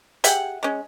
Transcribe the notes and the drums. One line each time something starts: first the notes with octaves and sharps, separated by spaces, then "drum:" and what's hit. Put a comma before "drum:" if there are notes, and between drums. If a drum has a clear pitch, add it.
G4 G#4 E5 F#5, drum: hi-hat
G#3 C#4